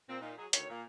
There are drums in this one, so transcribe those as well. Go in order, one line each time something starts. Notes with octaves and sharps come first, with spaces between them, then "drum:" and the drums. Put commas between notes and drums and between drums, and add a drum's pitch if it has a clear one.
A#2 C4
A#2 D#4
F#3 G#4
D2 D#3 C#5, drum: hi-hat
A#2 A#3